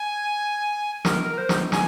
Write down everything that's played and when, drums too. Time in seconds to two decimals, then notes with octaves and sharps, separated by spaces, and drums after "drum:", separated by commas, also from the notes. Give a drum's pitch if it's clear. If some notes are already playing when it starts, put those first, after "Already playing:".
Already playing: G#5
1.05 A#4, drum: snare
1.21 A#4
1.38 C5
1.49 drum: snare
1.72 G#5, drum: snare